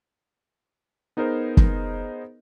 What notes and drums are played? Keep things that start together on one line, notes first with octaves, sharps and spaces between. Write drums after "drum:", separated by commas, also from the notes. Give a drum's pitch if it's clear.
B3 D#4 G#4 A#4 C5 D#5
drum: kick